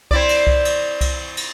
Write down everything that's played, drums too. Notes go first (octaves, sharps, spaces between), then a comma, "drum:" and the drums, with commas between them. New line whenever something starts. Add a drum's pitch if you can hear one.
C4 E4 D5, drum: kick C2
drum: cymbal
drum: kick C2
drum: cymbal
drum: kick C2, cymbal
drum: cymbal